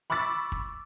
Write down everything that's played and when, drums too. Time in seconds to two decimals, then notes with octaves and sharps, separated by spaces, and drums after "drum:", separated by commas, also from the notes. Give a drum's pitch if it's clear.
0.10 B5 C#6 D6 E6 A6 B6
0.52 drum: kick